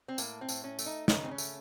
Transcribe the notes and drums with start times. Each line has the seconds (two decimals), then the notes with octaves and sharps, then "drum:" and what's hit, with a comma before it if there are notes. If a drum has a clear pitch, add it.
0.08 C4
0.18 A2 A#3, drum: tambourine
0.41 C4
0.49 A2, drum: tambourine
0.64 C#4
0.79 A3, drum: tambourine
0.86 D#4
1.08 C#3 D#4, drum: snare
1.23 C4
1.31 C#4
1.38 A3, drum: tambourine